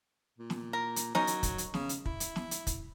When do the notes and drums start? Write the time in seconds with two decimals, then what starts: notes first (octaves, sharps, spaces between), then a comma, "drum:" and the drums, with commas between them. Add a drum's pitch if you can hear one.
0.38 A#2
0.50 drum: snare
0.73 A#4
0.96 drum: hi-hat
1.15 F#3 C#4 D#4 A#4, drum: snare
1.27 drum: hi-hat
1.43 drum: kick, hi-hat
1.58 drum: hi-hat
1.74 C#3, drum: snare
1.89 drum: hi-hat
2.05 E4, drum: kick
2.20 drum: hi-hat
2.36 drum: snare
2.51 drum: hi-hat
2.67 drum: kick, hi-hat